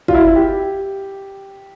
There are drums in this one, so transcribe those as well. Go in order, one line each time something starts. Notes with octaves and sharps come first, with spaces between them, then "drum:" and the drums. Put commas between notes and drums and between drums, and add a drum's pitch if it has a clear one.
F4, drum: kick
E4
G4